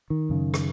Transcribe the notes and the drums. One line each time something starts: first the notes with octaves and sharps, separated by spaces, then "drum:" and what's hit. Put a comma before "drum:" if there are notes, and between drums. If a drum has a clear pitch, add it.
D#3
F#2 C#3
drum: rim click